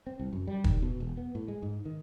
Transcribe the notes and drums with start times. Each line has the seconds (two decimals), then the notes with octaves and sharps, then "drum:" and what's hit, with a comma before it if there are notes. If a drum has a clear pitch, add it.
0.07 C4
0.20 C2
0.33 F#2
0.47 G3
0.64 D#3, drum: kick
0.82 B2
1.00 E1
1.17 B3
1.35 A2
1.48 G#3
1.63 G#2
1.85 D#3